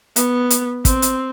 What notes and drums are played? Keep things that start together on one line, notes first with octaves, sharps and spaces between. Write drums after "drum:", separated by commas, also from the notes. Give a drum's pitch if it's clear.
B3, drum: hi-hat
drum: hi-hat
C4, drum: kick, hi-hat
drum: hi-hat